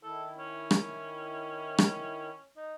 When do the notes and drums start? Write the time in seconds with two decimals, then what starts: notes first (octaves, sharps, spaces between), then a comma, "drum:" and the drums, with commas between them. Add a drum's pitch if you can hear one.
0.03 D#3 E4 A4
0.38 C#4
0.71 drum: rim click
1.78 drum: rim click
2.56 D#4